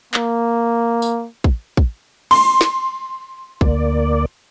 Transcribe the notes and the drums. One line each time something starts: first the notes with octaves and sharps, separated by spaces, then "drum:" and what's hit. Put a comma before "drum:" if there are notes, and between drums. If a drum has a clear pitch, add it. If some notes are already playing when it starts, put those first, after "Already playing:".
A#3, drum: clap
drum: tambourine
drum: kick
drum: kick
C6, drum: cymbal
drum: snare
D2 A#3 D5, drum: kick